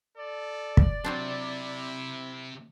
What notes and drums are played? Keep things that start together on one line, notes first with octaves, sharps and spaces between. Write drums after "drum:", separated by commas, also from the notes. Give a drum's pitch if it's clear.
A4 D5
drum: kick
C3 F#3 C4 D4 E4